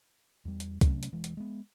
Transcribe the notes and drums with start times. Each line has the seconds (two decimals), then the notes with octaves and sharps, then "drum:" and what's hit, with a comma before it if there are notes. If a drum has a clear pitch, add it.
0.45 E2 G3
0.60 drum: hi-hat
0.81 C3 F#3 A3 C#4, drum: kick C2, hi-hat
1.03 drum: hi-hat
1.12 E1 E3 G#3
1.24 drum: hi-hat
1.37 G#3 B3